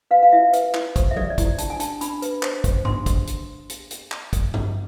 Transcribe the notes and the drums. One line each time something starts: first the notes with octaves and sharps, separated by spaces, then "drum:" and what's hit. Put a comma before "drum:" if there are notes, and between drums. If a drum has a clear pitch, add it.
B4 F5
F5
E4 E5
B4, drum: hi-hat
E4, drum: clap
C5, drum: kick, hi-hat
E5
A4 D5, drum: tom F#3
D5
E4, drum: kick, hi-hat
D4 A5, drum: hi-hat
G#5
D4 A5, drum: hi-hat
D4 B5, drum: hi-hat
B4, drum: hi-hat
C5, drum: clap
C5, drum: kick, hi-hat
D4 C6, drum: tom G#2
drum: kick, hi-hat
drum: hi-hat
drum: hi-hat
drum: hi-hat
drum: clap
drum: kick, hi-hat
drum: tom G2